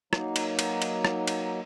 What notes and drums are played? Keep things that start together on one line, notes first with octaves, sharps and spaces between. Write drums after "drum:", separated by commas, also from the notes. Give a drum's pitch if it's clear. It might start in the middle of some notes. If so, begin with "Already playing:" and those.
F#3 A#3 D#4, drum: rim click
drum: cymbal
drum: cymbal
drum: cymbal
drum: rim click
drum: cymbal